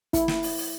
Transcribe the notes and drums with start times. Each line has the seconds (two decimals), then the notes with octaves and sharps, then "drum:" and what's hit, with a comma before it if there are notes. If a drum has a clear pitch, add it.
0.13 E4, drum: kick, hi-hat
0.28 drum: snare
0.43 drum: open hi-hat
0.57 drum: open hi-hat